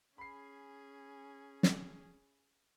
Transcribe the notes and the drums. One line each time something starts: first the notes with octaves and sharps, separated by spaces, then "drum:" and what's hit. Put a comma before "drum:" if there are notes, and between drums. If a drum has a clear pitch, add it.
C#4 G#4 B5 C7
drum: snare